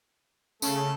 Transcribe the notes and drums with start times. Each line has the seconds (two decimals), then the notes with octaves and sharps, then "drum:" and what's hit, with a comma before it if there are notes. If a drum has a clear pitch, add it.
0.62 C#3 A3 A4, drum: tambourine